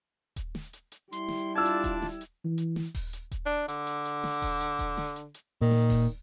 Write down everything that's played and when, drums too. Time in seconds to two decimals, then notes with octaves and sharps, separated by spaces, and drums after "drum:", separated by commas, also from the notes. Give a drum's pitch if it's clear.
0.36 drum: kick D#1, hi-hat
0.55 drum: snare
0.73 drum: hi-hat
0.92 drum: hi-hat
1.12 G3 E4 C6, drum: hi-hat
1.29 drum: snare
1.55 D4 F4 D5 A5 E6 G#6
1.65 drum: hi-hat
1.84 drum: kick D#1, hi-hat
2.02 drum: snare
2.21 drum: hi-hat
2.44 E3
2.58 drum: hi-hat
2.76 drum: snare
2.95 drum: kick D#1, open hi-hat
3.13 drum: hi-hat
3.31 drum: kick D#1, hi-hat
3.46 D4
3.68 D3, drum: hi-hat
3.87 drum: hi-hat
4.05 drum: hi-hat
4.24 drum: snare
4.42 drum: kick D#1, open hi-hat
4.61 drum: hi-hat
4.79 drum: kick D#1, hi-hat
4.97 drum: snare
5.16 drum: hi-hat
5.34 drum: hi-hat
5.61 A#2 D#3
5.71 drum: snare
5.90 drum: kick D#1, open hi-hat